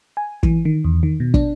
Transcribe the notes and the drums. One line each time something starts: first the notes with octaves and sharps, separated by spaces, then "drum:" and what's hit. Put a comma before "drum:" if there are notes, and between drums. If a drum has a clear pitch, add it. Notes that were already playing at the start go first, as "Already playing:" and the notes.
G#5
E3, drum: kick
D#3
E2
D#3
B2
D4, drum: kick